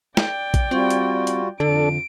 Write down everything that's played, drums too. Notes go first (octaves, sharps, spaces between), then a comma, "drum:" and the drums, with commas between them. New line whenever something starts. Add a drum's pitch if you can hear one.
D5 G5, drum: snare
drum: kick A#1, hi-hat
G3 C4 F4 F#4
drum: hi-hat
drum: hi-hat
F2 D3 D4 A4 D7